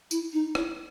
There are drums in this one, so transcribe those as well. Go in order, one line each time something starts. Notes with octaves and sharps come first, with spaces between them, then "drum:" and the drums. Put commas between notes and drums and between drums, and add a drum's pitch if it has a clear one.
E4, drum: tambourine
D#4
E4, drum: rim click